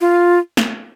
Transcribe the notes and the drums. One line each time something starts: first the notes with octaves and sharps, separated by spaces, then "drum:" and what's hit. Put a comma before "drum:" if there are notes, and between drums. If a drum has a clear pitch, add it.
F4
drum: snare